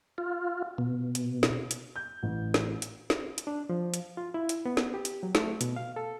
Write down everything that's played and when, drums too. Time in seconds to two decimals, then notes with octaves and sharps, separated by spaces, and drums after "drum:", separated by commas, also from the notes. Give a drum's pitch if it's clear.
0.18 F4
0.78 B2
1.15 drum: hi-hat
1.43 drum: snare
1.71 drum: hi-hat
1.96 G6
2.23 A1
2.54 drum: snare
2.82 drum: hi-hat
3.10 drum: snare
3.38 drum: hi-hat
3.47 D4
3.69 F3
3.94 drum: hi-hat
4.17 F4
4.34 E4
4.49 drum: hi-hat
4.66 B3
4.77 drum: snare
4.94 G4
5.05 drum: hi-hat
5.23 F#3
5.35 A3, drum: snare
5.61 B2, drum: hi-hat
5.76 F5
5.96 A4